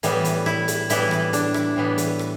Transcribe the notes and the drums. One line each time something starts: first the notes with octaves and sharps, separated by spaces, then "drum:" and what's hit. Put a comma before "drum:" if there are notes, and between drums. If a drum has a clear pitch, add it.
A2 E3 G3 B3, drum: hi-hat
drum: hi-hat
E4, drum: rim click
drum: hi-hat
A2 E3 G3 B3 E4, drum: hi-hat
drum: rim click
D4, drum: hi-hat
E4, drum: rim click
A2 E3 G3 B3
drum: hi-hat
drum: rim click